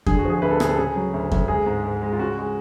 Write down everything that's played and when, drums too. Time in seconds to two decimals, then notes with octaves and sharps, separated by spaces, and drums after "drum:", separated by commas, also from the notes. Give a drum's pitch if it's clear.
0.06 D3 G#4, drum: kick F2
0.19 F#4
0.25 F3 G#4
0.42 D2 B4
0.51 A4
0.60 D2 G#4, drum: rim click
0.69 A4
0.78 C#3 G#4
0.96 F#3
1.14 D2
1.32 D2, drum: kick F2
1.48 G#3 G#4
1.66 G#2
1.84 G#2
2.02 G#3
2.13 F4
2.19 C#3 F#4
2.38 G#3